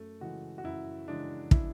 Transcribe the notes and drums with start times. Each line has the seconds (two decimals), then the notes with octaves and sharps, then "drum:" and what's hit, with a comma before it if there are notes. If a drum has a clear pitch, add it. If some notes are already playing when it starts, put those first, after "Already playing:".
Already playing: F#2 A3
0.21 C#3 E3 G#3 F#4
0.58 F#4
0.64 F#2 E4
1.08 C#3 E3 G#3 D4
1.51 E4, drum: kick